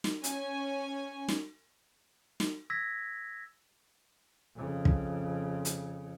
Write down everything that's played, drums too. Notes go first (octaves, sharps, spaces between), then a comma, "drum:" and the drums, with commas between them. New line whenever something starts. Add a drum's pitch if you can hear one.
drum: snare
C#4 G#5, drum: hi-hat
drum: snare
drum: snare
E6 G#6 A#6 B6
F2 C#3
drum: kick
drum: hi-hat